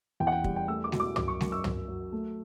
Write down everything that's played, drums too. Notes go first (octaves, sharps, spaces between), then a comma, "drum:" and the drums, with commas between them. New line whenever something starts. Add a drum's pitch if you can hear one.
E2 G5
F#5
G5
G3, drum: kick
G5
A3 E6
D6
B2, drum: snare G#3
D6
F#2 D6, drum: tom
C#6
F#2, drum: snare G#3
E6
F#2, drum: tom
F#3
A3